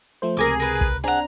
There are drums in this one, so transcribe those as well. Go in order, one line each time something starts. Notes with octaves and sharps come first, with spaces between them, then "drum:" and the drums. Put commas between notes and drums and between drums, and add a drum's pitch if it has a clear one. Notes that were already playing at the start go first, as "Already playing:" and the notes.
F3 A3 C5
C#2 C3 G#4 A#4 G#5 D6
A#4 B4
drum: kick
C4 D4 G#4 F#5 A#5